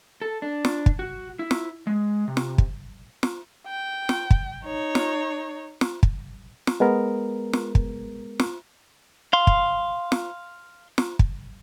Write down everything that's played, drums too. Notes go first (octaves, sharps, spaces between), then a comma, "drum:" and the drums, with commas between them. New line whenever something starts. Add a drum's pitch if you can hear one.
A4
D4
drum: snare
drum: kick
F#4
E4
drum: snare
G#3
C3
drum: snare
drum: kick
drum: snare
G5
drum: snare
drum: kick
D#4 C#5
drum: snare
drum: snare
drum: kick
drum: snare
G#3 B3 A#4
drum: snare
drum: kick
drum: snare
F5 C6
drum: kick
drum: snare
drum: snare
drum: kick